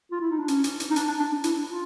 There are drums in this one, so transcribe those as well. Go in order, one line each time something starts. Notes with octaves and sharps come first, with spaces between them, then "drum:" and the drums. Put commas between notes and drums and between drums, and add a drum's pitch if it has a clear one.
F4
E4
D#4
D4
C#4, drum: hi-hat
drum: hi-hat
drum: hi-hat
D#4
D4, drum: hi-hat
D4
D4
D4
E4, drum: hi-hat
F4